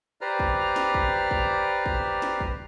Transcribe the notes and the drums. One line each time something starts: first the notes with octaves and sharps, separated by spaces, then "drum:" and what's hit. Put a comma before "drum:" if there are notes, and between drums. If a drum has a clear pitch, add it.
G4 B4 C5 D5 A#5 F6
drum: kick
drum: snare
drum: kick
drum: kick
drum: kick
drum: snare
drum: kick